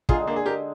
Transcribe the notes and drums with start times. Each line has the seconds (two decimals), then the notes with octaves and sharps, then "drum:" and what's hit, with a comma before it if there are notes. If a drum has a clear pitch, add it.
0.09 D3 G#3 D#4 F4 G#4, drum: kick
0.27 A#3 D4
0.36 G#4
0.46 G4 A#4